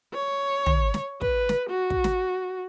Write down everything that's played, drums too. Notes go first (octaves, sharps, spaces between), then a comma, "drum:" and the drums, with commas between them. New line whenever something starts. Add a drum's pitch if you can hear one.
C#5
drum: tom
drum: snare
B4, drum: kick
drum: snare
F#4
drum: kick
drum: snare